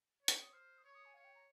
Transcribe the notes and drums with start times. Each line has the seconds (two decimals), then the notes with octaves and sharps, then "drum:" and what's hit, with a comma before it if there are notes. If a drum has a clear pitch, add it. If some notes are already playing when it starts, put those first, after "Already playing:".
0.23 C#5
0.28 C#6, drum: hi-hat
0.41 D#6
0.53 C5 F6
0.78 D#6
0.84 C#5 C#6
0.95 D#6
1.05 G#5
1.14 C#5 F5
1.25 G5
1.35 A#5